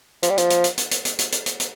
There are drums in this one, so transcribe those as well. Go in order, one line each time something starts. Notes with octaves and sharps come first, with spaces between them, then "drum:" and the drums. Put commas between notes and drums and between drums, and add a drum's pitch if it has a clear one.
F3, drum: hi-hat
G3
F3, drum: hi-hat
drum: hi-hat
drum: hi-hat
drum: hi-hat
drum: hi-hat
drum: hi-hat
drum: hi-hat
drum: hi-hat
drum: hi-hat
drum: hi-hat